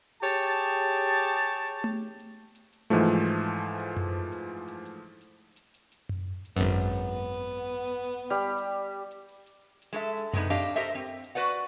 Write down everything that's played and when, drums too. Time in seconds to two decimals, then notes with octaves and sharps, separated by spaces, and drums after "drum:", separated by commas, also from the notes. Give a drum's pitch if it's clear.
0.23 G4 G#4 C#5 A5
0.42 drum: hi-hat
0.60 drum: hi-hat
0.77 drum: open hi-hat
0.95 drum: hi-hat
1.31 drum: hi-hat
1.66 drum: hi-hat
1.84 drum: tom A3
2.19 drum: hi-hat
2.55 drum: hi-hat
2.73 drum: hi-hat
2.90 G#2 E3 F3 A3, drum: open hi-hat
3.08 drum: hi-hat
3.43 drum: hi-hat
3.79 drum: hi-hat
3.97 drum: tom F#2
4.32 drum: hi-hat
4.68 drum: hi-hat
4.85 drum: hi-hat
5.21 drum: hi-hat
5.56 drum: hi-hat
5.74 drum: hi-hat
5.92 drum: hi-hat
6.09 drum: tom F#2
6.45 drum: hi-hat
6.56 G#1 F#2 B3
6.80 drum: hi-hat
6.98 drum: hi-hat
7.16 drum: open hi-hat
7.33 drum: hi-hat
7.69 drum: hi-hat
7.87 drum: hi-hat
8.04 drum: hi-hat
8.30 G3
8.58 drum: hi-hat
9.11 drum: hi-hat
9.28 drum: open hi-hat
9.46 drum: hi-hat
9.82 drum: hi-hat
9.93 G#3 A4 E5
10.17 drum: hi-hat
10.33 C3 G3 G#3 B3 D#4, drum: tom F#2
10.50 C4 D4 G4 D#5 F5
10.76 G4 A4 A#4 C5 D#5 E5
10.95 C4
11.06 drum: hi-hat
11.24 drum: hi-hat
11.35 F#4 B4 D5 F#5